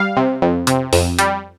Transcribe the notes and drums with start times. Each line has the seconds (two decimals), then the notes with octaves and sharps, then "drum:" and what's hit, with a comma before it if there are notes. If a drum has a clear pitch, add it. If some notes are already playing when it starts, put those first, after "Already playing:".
Already playing: G3 F5
0.17 C3
0.42 F2
0.67 C3, drum: hi-hat
0.93 F2, drum: open hi-hat
1.19 G3, drum: hi-hat